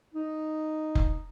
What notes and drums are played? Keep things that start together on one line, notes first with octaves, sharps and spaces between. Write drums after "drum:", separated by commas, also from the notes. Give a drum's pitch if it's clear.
D#4
drum: kick F1